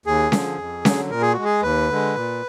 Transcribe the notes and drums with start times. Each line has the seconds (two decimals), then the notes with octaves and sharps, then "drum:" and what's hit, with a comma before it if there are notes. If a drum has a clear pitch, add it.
0.06 D#2 G#4
0.32 D3 F3, drum: snare C#4
0.58 F2
0.85 D3 F#3, drum: snare C#4
1.10 A#2 A#4
1.22 G#4
1.33 G#3 F#4
1.44 G#4
1.63 D#2 B4
1.90 D3 G#3
2.16 A#2